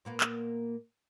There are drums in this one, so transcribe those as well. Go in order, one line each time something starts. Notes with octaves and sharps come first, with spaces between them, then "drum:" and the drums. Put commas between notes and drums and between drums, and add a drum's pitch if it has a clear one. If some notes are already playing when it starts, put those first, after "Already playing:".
A#2 A#3 B3
drum: clap